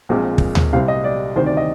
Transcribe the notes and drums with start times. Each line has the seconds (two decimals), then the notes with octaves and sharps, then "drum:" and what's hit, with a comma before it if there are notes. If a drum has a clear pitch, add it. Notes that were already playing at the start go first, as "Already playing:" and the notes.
0.09 A#1 A#2 G#3 C4
0.38 drum: kick
0.55 drum: tom D2
0.73 C2 C3 G3 C4 F5
0.88 D#5
1.04 D5
1.36 D2 C3 D#3 C5
1.46 D5
1.57 D#5